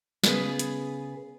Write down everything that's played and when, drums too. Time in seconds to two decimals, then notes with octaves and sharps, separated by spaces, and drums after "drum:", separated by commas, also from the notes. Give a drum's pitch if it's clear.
0.24 C#3 B3 G#4 B4, drum: snare
0.59 drum: hi-hat